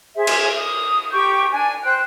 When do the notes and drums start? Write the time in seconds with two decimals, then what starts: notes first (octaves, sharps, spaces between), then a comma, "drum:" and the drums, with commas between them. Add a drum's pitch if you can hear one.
0.15 G#4 C5 E5
0.27 drum: cymbal
0.56 D#6
1.12 G4 G5 C#6 G6
1.52 D4 G#5
1.82 C5 G5 F#6